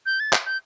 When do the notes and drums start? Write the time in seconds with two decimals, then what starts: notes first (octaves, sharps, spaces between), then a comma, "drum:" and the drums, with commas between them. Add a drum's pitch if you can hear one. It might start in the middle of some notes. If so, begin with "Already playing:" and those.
0.06 G6
0.20 A6
0.33 G6, drum: clap
0.46 G6